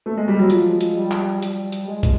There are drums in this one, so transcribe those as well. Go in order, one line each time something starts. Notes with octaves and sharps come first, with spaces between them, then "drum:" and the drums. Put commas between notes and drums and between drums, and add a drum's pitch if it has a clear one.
A3
G#3
G3
F#3
F3 G#3, drum: hi-hat
drum: hi-hat
G3
drum: clap
G3, drum: hi-hat
drum: hi-hat
G#3
drum: kick, hi-hat